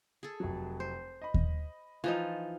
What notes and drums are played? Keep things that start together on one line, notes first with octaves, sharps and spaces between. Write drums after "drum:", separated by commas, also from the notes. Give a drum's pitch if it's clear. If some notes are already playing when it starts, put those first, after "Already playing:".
G#4 A4
F1 F#3
C5
D#5 B5
drum: kick D#2
E3 F3 D#4 F4